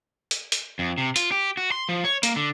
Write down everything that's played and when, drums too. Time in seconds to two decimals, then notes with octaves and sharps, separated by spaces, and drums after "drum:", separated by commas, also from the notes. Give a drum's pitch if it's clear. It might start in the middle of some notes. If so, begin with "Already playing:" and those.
0.31 drum: hi-hat
0.52 drum: hi-hat
0.79 F2
0.98 C3
1.16 F4, drum: hi-hat
1.32 G4
1.57 F#4
1.72 C6
1.89 F3
2.04 C#5
2.23 A#3, drum: hi-hat
2.36 D3